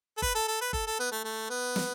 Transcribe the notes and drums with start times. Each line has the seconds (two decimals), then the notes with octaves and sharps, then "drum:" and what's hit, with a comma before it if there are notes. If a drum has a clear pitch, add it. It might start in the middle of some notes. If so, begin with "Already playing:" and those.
0.17 A4
0.22 B4, drum: kick G1
0.35 A4
0.48 A4
0.61 B4
0.73 A4, drum: kick G1
0.87 A4
0.99 B3
1.12 A3
1.24 A3
1.50 B3
1.76 drum: snare